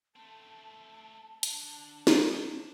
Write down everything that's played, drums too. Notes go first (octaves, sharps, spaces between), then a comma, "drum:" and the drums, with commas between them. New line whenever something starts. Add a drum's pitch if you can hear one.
A3 C4 A5
D4 F#5, drum: hi-hat
drum: snare